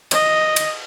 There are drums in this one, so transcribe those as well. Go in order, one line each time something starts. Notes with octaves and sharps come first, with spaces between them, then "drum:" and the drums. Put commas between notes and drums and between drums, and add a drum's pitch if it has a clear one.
D#5, drum: cymbal
drum: cymbal